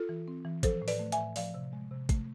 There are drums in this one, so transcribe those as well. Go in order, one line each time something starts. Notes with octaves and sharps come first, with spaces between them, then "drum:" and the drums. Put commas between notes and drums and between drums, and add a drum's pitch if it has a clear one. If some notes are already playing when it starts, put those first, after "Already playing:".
Already playing: F4 A4
E3
C4
E3
F3 A4 C5, drum: kick, hi-hat
A2
B4 D5, drum: open hi-hat
A3
E5 G#5, drum: hi-hat
A2
F3 D5 F5, drum: open hi-hat
C3
G#3
C3
A3, drum: kick, hi-hat